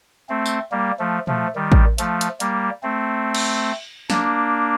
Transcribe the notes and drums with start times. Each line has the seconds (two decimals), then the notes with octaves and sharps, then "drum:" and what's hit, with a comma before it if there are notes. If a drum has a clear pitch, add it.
0.29 A3 C4
0.46 drum: tambourine
0.71 G3 A#3
0.99 F3 A3
1.27 F3 A3, drum: tom A#2
1.56 D#3 G3
1.72 drum: kick A1
1.98 F3 A3, drum: hi-hat
2.21 drum: hi-hat
2.40 G3 A#3, drum: hi-hat
2.83 A3 C4
3.35 drum: cymbal
4.10 A#3 D4, drum: snare